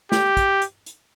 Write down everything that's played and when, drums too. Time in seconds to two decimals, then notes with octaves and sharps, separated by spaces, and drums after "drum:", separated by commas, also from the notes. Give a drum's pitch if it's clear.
0.12 G4, drum: snare
0.37 drum: kick, hi-hat
0.62 drum: hi-hat
0.86 drum: hi-hat